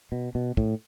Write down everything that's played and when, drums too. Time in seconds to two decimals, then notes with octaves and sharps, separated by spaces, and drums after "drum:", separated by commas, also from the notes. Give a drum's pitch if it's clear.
0.12 B2
0.35 B2
0.57 A2, drum: kick